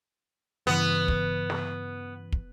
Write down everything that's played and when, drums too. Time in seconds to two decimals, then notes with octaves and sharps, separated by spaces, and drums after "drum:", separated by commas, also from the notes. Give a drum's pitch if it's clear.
0.67 G2 C#3 E3 B3
1.08 drum: kick
1.50 drum: snare
2.32 drum: kick